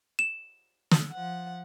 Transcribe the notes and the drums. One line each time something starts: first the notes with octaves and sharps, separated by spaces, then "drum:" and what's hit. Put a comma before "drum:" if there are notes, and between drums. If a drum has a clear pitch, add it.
E7
drum: snare
F3 F#5